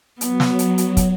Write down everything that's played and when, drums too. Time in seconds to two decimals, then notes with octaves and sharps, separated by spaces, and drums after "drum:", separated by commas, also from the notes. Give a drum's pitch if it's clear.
0.21 F#3 B3, drum: hi-hat
0.40 drum: snare
0.59 drum: hi-hat
0.78 drum: hi-hat
0.97 drum: kick, hi-hat